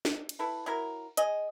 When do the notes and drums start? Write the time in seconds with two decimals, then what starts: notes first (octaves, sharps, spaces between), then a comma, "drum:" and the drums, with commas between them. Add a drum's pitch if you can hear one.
0.05 drum: snare
0.29 drum: cymbal
0.39 E4 A4 B4
0.66 F#3 E4 A#4
1.17 G#4 D#5, drum: hi-hat